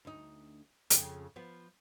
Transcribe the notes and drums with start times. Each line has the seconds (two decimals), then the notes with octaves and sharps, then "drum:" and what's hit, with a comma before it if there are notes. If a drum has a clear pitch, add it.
0.05 D2 D#4
0.90 F2 C#3, drum: hi-hat
1.36 F3 B3